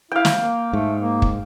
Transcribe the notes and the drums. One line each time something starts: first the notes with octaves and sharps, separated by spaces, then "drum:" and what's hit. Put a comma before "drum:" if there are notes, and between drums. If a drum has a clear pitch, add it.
E4 F5 G5
drum: snare
A#3
G#2 A3
A#3
drum: kick